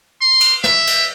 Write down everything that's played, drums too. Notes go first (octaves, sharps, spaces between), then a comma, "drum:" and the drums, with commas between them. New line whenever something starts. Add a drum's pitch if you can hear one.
C6
drum: cymbal
E5, drum: snare
drum: cymbal